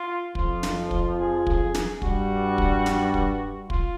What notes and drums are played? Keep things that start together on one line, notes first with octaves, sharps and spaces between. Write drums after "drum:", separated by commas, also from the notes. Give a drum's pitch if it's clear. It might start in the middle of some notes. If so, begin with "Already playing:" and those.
Already playing: F4
F2 F3 F4, drum: kick
drum: snare
drum: kick
G#4
drum: kick
drum: snare
G2 G3 F#4, drum: kick
drum: kick
drum: snare
drum: kick
F4, drum: kick